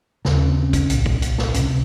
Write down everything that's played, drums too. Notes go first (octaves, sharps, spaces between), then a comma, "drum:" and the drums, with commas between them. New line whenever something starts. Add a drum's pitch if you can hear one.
D#2 C#3, drum: snare
C#4
C4
C#4
drum: kick, hi-hat
C2 A#2, drum: hi-hat
drum: kick
drum: hi-hat
drum: snare
C#2 C3 C#4, drum: hi-hat